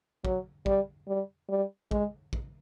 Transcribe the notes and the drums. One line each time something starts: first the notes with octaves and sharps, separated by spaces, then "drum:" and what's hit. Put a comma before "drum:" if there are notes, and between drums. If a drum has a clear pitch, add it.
F#3, drum: kick
G3, drum: kick
G3
G3
G#3, drum: kick
drum: kick